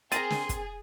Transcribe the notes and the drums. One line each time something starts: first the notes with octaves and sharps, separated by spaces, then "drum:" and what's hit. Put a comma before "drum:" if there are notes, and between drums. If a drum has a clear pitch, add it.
C4 G#4 A#4 A#5 C6 A6 D#7, drum: hi-hat
drum: snare
drum: kick, hi-hat